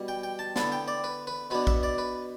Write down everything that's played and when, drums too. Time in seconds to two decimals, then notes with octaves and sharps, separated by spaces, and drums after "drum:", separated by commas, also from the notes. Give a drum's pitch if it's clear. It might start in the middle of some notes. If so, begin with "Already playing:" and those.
Already playing: B2 G3
0.08 G5
0.23 G5
0.39 A5
0.56 D3 B3 E4 A5, drum: snare
0.72 G5
0.88 D5
1.04 B4
1.27 B4
1.50 B2 B3 D4 B4
1.67 E5, drum: kick
1.83 D5
1.98 B4